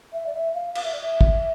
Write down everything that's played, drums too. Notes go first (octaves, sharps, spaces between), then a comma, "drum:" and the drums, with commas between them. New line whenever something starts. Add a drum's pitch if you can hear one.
E5
D5
E5
F5
F5, drum: cymbal
E5
D5
E5
drum: kick